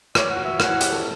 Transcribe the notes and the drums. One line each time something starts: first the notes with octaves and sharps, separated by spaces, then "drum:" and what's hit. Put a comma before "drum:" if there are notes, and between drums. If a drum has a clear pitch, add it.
C#5 D5, drum: rim click
F#5
F#4
E5
E4 F#5, drum: rim click
E4
G4, drum: hi-hat
A4